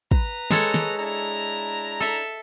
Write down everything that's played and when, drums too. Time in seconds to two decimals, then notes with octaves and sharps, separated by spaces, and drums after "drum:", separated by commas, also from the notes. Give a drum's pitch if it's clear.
0.11 B4 A#5, drum: kick
0.51 G#3 A4 C#5, drum: snare
0.74 drum: snare
0.98 D4 E4 A#5
2.00 A4 E5